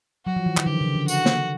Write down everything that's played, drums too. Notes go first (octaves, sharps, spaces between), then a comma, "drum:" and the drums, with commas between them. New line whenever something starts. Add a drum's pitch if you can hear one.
F#3 F#4
F3
E3
D#3, drum: clap
D3 G4
C#3
D3
F#4, drum: tambourine
drum: snare